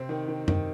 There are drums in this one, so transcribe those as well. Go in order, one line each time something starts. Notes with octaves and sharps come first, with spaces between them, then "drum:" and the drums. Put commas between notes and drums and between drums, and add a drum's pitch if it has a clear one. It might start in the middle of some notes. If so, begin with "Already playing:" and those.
Already playing: C3 C4
D#3
D#3
D#3, drum: tom F#2